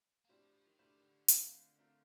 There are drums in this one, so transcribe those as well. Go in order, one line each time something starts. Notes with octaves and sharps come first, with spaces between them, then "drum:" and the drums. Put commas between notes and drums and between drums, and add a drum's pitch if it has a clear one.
A#3
A2 G3 C4 D4 G4 C5
F3
F3
D#3
A2 D3 G3 D4 G4 C5
D#3
D3
A3 C4 F4 A#4, drum: hi-hat
A3 C4 F4 A#4